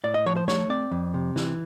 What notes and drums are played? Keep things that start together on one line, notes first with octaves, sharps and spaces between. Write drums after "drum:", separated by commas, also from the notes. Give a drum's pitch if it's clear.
A2 D5
D#5
F3 C#5
C5
A3 C#5, drum: snare
C4 D5
F2
C3
E3, drum: snare